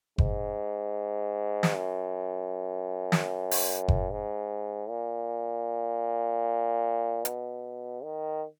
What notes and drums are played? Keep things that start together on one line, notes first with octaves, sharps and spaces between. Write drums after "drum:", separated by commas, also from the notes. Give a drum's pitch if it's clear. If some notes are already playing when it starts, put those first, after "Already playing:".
G#2, drum: kick F#1
drum: snare
F#2
drum: snare
drum: open hi-hat
drum: kick F#1
G#2
A#2
B2, drum: hi-hat
D#3